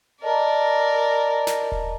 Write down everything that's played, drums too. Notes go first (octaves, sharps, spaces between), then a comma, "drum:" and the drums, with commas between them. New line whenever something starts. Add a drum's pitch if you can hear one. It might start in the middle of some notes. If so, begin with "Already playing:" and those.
A#4 D5 D#5 A5 A#5
drum: snare
drum: kick D#1